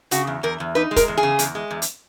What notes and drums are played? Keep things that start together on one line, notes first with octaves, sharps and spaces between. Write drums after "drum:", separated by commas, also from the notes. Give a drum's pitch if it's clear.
C#3 F#4, drum: hi-hat
E2
E2 A#4
E2
D#4 B4
G#3
A#4, drum: kick, hi-hat
E2
G#4
C#3
E2, drum: hi-hat
G#3
E2
drum: hi-hat